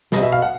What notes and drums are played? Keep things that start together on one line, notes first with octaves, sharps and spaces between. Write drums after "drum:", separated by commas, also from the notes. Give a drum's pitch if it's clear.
B2 D#5, drum: snare
C3
B2 E5
F5
F#5